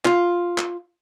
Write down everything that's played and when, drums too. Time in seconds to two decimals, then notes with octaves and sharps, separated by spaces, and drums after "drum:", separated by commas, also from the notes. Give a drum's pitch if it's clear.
0.05 F4, drum: clap
0.58 drum: clap